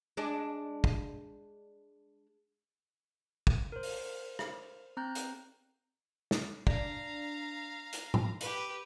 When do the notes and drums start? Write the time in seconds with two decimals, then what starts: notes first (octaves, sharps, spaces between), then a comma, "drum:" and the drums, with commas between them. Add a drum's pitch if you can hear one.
0.17 G#3 D4
0.84 drum: kick
3.47 drum: kick
3.72 A#4 C5
3.83 drum: open hi-hat
4.39 drum: rim click
4.97 C4 A#5 F#6 G6
5.15 drum: hi-hat
6.31 drum: snare
6.67 D4 F5 A#5, drum: kick
7.93 drum: hi-hat
8.14 drum: tom G#2
8.41 G4 B4, drum: hi-hat